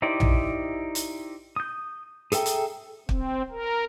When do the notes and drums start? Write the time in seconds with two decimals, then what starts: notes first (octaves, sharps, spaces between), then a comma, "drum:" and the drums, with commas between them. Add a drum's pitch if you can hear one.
0.02 D#4 E4 G4 C5 D5
0.20 drum: tom A#1
0.95 drum: hi-hat
1.56 D#6 G6
2.32 G#4 A4 E5 G5 A#5, drum: hi-hat
2.46 drum: hi-hat
3.09 C4, drum: kick
3.51 A#4